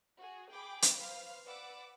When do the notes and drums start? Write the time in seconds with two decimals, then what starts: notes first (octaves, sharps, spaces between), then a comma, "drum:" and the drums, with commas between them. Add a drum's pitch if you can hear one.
0.19 F#4 G#4
0.49 G#4 G5 B5 D6
0.82 drum: hi-hat
0.95 B4 C5 F5
1.46 B4 D5 F#5 D6 E6